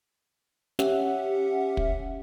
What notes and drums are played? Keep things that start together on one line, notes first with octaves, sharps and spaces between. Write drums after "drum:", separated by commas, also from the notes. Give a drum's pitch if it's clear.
C#4 G4 E5 F#5, drum: snare
drum: kick